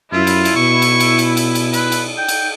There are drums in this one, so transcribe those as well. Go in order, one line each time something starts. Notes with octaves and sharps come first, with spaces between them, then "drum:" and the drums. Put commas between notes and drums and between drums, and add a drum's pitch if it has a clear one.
F#2 E4 F4
drum: cymbal
drum: cymbal
B2 C#6
drum: cymbal
drum: cymbal
drum: cymbal
drum: cymbal
drum: cymbal
B4, drum: cymbal
drum: cymbal
G5
drum: cymbal